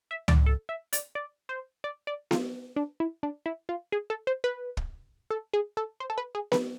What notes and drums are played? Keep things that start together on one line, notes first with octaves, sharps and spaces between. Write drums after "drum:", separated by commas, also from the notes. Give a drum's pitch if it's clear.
E5
D5, drum: tom C#2
A4
E5
D5, drum: hi-hat
D5
C5
D5
D5
F4, drum: snare B3
D4
E4
D4
E4
F4
G#4
A4
C5
B4
drum: kick
A4
G#4
A4
C5
A4
B4
G#4
B4, drum: snare B3